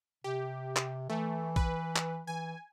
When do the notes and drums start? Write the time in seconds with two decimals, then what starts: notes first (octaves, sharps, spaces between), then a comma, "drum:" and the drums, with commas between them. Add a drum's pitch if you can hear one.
0.24 C3 G4
0.76 drum: clap
1.10 E3 A3
1.56 B4, drum: kick A#1
1.96 drum: clap
2.27 E3 G#5